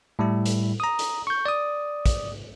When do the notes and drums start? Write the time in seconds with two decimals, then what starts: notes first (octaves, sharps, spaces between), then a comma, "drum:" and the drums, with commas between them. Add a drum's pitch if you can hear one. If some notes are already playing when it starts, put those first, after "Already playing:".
0.19 A2 G3 E4
0.46 drum: hi-hat
0.80 A#5 D#6
0.99 drum: hi-hat
1.27 C#6 G6
1.46 D5 D#6
2.06 drum: kick, hi-hat